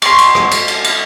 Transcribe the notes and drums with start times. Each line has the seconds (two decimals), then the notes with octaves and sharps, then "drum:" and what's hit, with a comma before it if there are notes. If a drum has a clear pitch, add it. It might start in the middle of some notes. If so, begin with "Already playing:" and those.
0.02 C6 C#6, drum: cymbal
0.18 drum: cymbal
0.35 drum: rim click
0.51 drum: cymbal
0.68 drum: cymbal
0.84 drum: cymbal